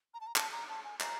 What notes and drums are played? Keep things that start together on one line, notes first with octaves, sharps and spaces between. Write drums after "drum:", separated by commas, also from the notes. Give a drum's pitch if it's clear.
A#5
A5
A#5
A5, drum: clap
A#5
A5
G#5
A#5, drum: clap